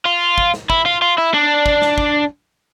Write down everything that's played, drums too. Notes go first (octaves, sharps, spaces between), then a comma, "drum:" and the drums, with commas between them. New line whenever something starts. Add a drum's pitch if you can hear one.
F4
drum: kick
drum: snare
E4, drum: kick
F4
F4
E4
D4
drum: kick
drum: snare
drum: kick